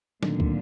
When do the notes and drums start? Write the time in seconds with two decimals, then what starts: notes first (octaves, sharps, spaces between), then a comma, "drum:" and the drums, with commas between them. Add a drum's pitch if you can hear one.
0.23 A#2 D3 D#3 F#3 A3 C4 D#4, drum: snare
0.40 drum: kick